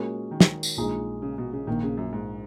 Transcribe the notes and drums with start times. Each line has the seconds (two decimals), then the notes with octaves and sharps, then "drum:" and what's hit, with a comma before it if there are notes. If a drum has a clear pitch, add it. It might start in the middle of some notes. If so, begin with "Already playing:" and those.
Already playing: A#2 G#3 C#4 F#4 A#4
0.31 D#3
0.40 drum: snare
0.63 drum: tambourine
0.77 A#1 A#2 G#3 D#4
1.22 C#3
1.38 B2
1.53 C#3
1.67 A#1 A#2 D#3 A#3
1.83 C#3
1.97 F#2
2.13 G#2